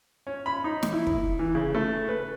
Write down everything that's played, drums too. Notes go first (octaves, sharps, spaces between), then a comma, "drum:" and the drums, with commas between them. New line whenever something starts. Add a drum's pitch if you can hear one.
C#4
B5
D#4
drum: snare
E4
drum: kick
E3
C#3
A3
B4